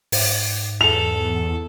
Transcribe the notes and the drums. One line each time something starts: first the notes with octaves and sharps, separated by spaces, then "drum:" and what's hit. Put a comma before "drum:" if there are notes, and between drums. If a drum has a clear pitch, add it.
G#2, drum: open hi-hat
E2 A4 F7